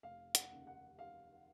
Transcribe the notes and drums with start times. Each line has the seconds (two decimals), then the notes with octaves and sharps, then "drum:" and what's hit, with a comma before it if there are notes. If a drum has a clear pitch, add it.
0.03 F1 F5
0.35 F#5, drum: hi-hat
0.51 D#2 C#3
0.67 F#5
0.99 F5